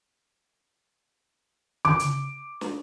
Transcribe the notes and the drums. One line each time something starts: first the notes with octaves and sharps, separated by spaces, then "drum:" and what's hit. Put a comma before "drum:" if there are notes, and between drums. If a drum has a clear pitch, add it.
D6, drum: tom C#3
drum: hi-hat
drum: snare